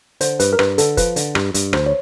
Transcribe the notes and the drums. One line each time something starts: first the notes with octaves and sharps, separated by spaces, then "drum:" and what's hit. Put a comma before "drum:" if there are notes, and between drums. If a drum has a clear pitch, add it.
D3 C5, drum: hi-hat
G2 B4, drum: hi-hat
A#4
G2 B4, drum: rim click
D3 A4, drum: hi-hat
F3 B4, drum: kick, hi-hat
D3, drum: hi-hat
G2, drum: rim click
G2, drum: hi-hat
D2 C5, drum: rim click
C#5